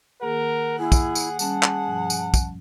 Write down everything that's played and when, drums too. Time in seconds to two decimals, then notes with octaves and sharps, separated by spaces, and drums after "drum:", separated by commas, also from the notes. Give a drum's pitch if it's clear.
0.21 D#3 A#3 G#4 A#4 F#5
0.79 A#3 E4 G#4 G#5
0.92 drum: kick, tambourine
1.15 drum: tambourine
1.39 G3 C#4 G#4 A5, drum: tambourine
1.63 drum: clap
1.86 G2 B2 F3
2.10 drum: tambourine
2.34 drum: kick, tambourine